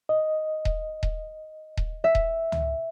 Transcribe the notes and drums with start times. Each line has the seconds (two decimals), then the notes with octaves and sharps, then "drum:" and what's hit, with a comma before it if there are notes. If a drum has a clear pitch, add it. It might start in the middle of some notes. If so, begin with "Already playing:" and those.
0.09 D#5
0.65 drum: kick D#1
1.03 drum: kick D#1
1.77 drum: kick D#1
2.04 E5
2.15 drum: kick D#1
2.52 drum: tom